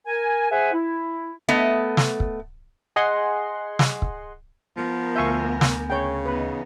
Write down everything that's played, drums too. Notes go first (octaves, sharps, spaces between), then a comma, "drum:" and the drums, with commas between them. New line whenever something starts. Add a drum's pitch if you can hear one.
A#4 G#5
G#4 C5 E5 F#5 G#5
E4
A3 B3 D#5
drum: snare
drum: kick
G#4 D#5 F#5 G#5 C6
drum: snare
drum: kick
F3 B3 A#4
D2 E5 F5 G#5 C#6 G6
drum: snare
C#3 C#5 G5
E3 B3 D#4 B4